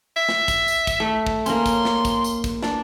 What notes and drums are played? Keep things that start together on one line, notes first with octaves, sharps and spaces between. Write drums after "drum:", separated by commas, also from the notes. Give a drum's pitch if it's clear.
E5
drum: snare
drum: kick, tambourine
drum: tambourine
drum: kick, tambourine
A3
drum: kick
A#3 C#4 C6, drum: tambourine
drum: kick, tambourine
drum: snare
drum: kick, tambourine
drum: tambourine
drum: kick, tambourine
D4, drum: snare